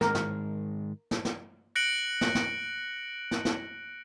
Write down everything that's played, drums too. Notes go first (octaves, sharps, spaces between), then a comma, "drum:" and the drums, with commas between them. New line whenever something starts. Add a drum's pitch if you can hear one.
G#2 D#3 G#3 A#4, drum: snare
drum: snare
drum: snare
drum: snare
F#6 A#6 C#7 D7 F#7
drum: snare
drum: snare
drum: snare
drum: snare